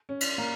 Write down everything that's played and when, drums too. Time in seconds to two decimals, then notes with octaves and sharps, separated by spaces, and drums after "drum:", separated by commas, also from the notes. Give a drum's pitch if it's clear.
0.09 C#4
0.21 drum: cymbal
0.38 A#3